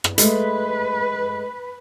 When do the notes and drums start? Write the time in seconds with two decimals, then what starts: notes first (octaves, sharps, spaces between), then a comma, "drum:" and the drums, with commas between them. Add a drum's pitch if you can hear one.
0.04 drum: rim click
0.18 G#3 A3 B4, drum: hi-hat